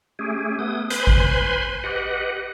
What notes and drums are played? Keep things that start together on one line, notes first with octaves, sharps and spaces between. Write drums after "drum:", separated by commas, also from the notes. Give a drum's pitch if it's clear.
A3 C#4 G4 G#4
A3 B3 D#6
B4 C5 G#5 B5 C6, drum: hi-hat
drum: kick G#1
G4 B4 D#5 F#5